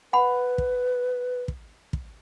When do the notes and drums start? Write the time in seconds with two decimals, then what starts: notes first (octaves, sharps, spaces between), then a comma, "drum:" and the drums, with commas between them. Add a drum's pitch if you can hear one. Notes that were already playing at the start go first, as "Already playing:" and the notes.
0.13 B4 F#5 B5
0.58 drum: kick
1.48 drum: kick
1.93 drum: kick